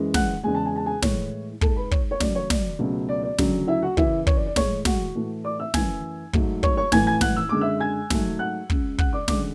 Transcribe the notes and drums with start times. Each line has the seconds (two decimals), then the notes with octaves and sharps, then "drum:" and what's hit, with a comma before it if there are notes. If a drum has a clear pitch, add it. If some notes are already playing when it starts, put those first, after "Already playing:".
Already playing: F#2 E3 G#3
0.14 F#5 F#6, drum: snare
0.43 E2 C#3 G#3 G#5
0.55 A5
0.66 G#5
0.76 A5
0.86 G#4 G#5
1.02 A2 E3 G#3 C#5, drum: snare
1.61 G#2 G#3 A4 A5, drum: kick
1.76 B4 B5
1.91 C#5, drum: kick
2.11 C#5
2.20 F#2 C#3 F#3 A3 D5, drum: snare
2.35 C#5
2.50 D5, drum: snare
2.79 C#2 B2 F#3 A3
3.09 D5
3.23 D5
3.38 D2 C#3 F#3, drum: snare
3.68 E4 E5
3.82 F#4 F#5
3.97 F#2 C#3 E3 E4 E5, drum: kick
4.27 C#5, drum: kick
4.36 D5
4.46 D5
4.56 A2 G#3 C#5 C#6, drum: snare
4.85 F#4 F#5, drum: snare
5.15 A2 E3 A3
5.44 D5 D6
5.60 E5 E6
5.74 F#2 E3 A3 G#5 G#6, drum: snare
6.33 G#2 F#3 A3, drum: kick
6.63 C#5 C#6, drum: kick
6.77 C#5 C#6
6.92 A2 E3 A3 G#5 G#6, drum: snare
7.07 G#5 G#6
7.21 F#5 F#6, drum: snare
7.37 E6
7.49 F#2 D3 G#3 D6
7.61 E5 E6
7.80 G#5 G#6
8.10 G#2 F#3 A3, drum: snare
8.39 F#5 F#6
8.70 C#2 C#3 G#3, drum: kick
8.98 F#5 F#6, drum: kick
9.13 D5 D6
9.28 D2 C#3 G#3 D5 D6, drum: snare